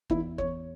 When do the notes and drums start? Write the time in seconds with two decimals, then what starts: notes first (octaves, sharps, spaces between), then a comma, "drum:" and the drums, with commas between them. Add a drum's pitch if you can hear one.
0.10 E2 E4, drum: kick
0.38 E2 C#5, drum: kick